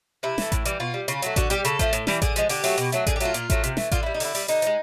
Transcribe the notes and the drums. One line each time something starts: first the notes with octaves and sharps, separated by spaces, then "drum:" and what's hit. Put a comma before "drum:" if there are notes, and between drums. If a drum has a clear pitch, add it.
C3 E4
E3 A3, drum: snare
A2, drum: kick A1, hi-hat
E3 G3, drum: hi-hat
B2 F4
G3
C#3 F4, drum: hi-hat
F#3 A3, drum: hi-hat
D3 F#4, drum: kick A1, hi-hat
G3 G4, drum: hi-hat
C#3 A4, drum: hi-hat
F3 A3, drum: kick A1, hi-hat
A2, drum: hi-hat
E3 G3, drum: snare
D3 G#4, drum: kick A1, hi-hat
F3 G#3, drum: hi-hat
D3 G4, drum: open hi-hat
F#3 A3, drum: open hi-hat
B2, drum: hi-hat
F#3 A3, drum: hi-hat
D3 G#4, drum: kick A1, hi-hat
G4
F#3 A3 F4, drum: hi-hat
A#2, drum: hi-hat
F#3 A3, drum: kick A1, hi-hat
C3, drum: hi-hat
E3 A3, drum: snare
D3 F4, drum: kick A1, hi-hat
G3 E4
D#4
D3 E4, drum: open hi-hat
G3, drum: open hi-hat
D3 D#4, drum: hi-hat
F3, drum: hi-hat
G#3